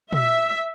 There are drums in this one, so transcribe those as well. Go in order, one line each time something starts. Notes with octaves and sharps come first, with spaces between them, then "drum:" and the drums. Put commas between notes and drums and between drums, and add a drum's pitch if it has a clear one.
E5, drum: tom